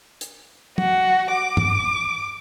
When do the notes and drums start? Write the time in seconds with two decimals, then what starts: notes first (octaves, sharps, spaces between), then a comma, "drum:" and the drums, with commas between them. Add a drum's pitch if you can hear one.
0.21 drum: hi-hat
0.78 F#4, drum: tom
1.31 D6
1.57 drum: tom